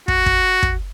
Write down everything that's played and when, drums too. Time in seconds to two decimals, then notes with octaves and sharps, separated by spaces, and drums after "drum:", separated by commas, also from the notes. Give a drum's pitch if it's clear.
0.08 F#4, drum: kick
0.26 drum: kick
0.63 drum: kick